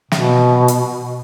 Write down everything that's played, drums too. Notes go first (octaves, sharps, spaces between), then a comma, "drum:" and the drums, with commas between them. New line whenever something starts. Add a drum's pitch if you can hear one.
B2, drum: snare
drum: hi-hat